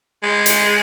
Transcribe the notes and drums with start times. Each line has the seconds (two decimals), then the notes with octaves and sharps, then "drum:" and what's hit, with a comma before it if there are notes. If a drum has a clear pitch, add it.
0.23 G#3
0.46 drum: hi-hat